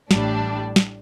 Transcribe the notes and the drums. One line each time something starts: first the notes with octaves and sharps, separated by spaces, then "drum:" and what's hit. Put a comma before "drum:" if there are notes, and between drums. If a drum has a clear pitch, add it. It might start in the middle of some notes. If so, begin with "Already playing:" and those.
A1 A2 G3 D4, drum: snare
drum: snare